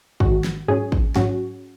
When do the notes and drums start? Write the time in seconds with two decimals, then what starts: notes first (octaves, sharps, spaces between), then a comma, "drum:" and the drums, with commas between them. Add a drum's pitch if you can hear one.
0.20 G#2 D#3 G#3 F#4, drum: kick
0.44 drum: snare
0.68 G#2 F#3 C#4 G#4
0.92 drum: kick
1.16 G#2 F#3 C#4 F#4, drum: snare